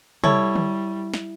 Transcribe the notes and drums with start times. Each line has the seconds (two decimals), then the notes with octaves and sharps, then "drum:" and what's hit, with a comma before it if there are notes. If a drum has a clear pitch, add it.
0.24 G3 E4 A4 C#5, drum: tom C3
0.55 drum: tom D3
1.14 drum: snare